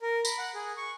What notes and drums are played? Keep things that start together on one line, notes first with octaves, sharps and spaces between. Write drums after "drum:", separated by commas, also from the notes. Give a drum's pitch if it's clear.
A#4
B5, drum: tambourine
F#5
G#4
C#6